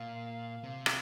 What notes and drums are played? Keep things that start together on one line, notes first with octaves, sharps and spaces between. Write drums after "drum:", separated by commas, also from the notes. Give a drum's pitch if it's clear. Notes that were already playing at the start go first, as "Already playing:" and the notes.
Already playing: A#2 F5
C3
drum: rim click